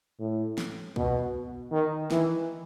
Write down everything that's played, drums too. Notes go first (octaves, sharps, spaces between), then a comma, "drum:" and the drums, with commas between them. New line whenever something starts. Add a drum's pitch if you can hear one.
A2
drum: snare
B2, drum: kick
D#3
E3, drum: snare